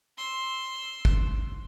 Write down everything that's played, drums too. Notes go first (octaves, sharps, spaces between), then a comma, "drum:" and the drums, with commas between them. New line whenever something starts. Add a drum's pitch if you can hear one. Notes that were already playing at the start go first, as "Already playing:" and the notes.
C6 E6
drum: kick